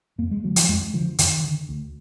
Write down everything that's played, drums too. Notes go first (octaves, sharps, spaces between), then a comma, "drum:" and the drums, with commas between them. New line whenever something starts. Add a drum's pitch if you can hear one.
F2 A#3
G#3
D3 F#3
F3, drum: hi-hat
F2 G#3
D3 F3
F2 D#3, drum: hi-hat
D3
D2